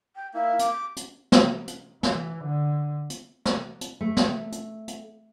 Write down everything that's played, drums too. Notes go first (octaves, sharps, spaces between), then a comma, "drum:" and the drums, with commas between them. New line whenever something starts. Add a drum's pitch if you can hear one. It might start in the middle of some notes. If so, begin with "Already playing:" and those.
G5
A#3 E4
D6, drum: hi-hat
drum: hi-hat
drum: snare
drum: hi-hat
E3, drum: snare
D3
drum: hi-hat
drum: snare
drum: hi-hat
A3
drum: snare
drum: hi-hat
drum: hi-hat